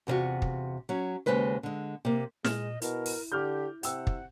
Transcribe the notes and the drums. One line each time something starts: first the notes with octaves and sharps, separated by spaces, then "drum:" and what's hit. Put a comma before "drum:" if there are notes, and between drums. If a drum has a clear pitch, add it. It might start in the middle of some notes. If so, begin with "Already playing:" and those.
E2 C3 C#4 F4 F#4
drum: kick
F#3 C#4
D#2 G#2 C#3 G#3 B4 C5
D3 G#3
C3 A#3
A#2 G#3 D#5 F6 E7, drum: snare
B2 E4 A#4, drum: hi-hat
drum: open hi-hat
D3 G4 D6 F6 G6
C3 F#5 G5 E6, drum: hi-hat
drum: kick